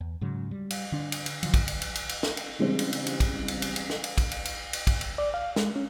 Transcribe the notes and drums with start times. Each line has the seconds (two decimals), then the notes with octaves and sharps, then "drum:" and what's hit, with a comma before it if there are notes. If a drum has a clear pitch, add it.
0.01 E2
0.21 G#2 C#3 F#3
0.51 G3
0.70 drum: cymbal
0.92 D3 D4
1.12 drum: cymbal
1.26 drum: cymbal
1.43 D3 F3 F#3, drum: cymbal
1.54 drum: kick, cymbal
1.68 drum: cymbal
1.82 drum: cymbal
1.95 drum: cymbal
2.09 drum: cymbal
2.23 drum: snare
2.37 drum: cymbal
2.59 C#3 E3 G3 G#3 C4 D4
2.79 drum: cymbal
2.93 drum: cymbal
3.06 drum: cymbal
3.20 drum: kick, cymbal
3.48 drum: cymbal
3.62 drum: cymbal
3.76 drum: cymbal
3.90 drum: snare
4.04 drum: cymbal
4.18 drum: kick, cymbal
4.31 drum: cymbal
4.45 drum: cymbal
4.73 drum: cymbal
4.87 drum: kick, cymbal
5.01 drum: cymbal
5.18 D5
5.34 F5
5.56 G#3, drum: snare
5.76 C#4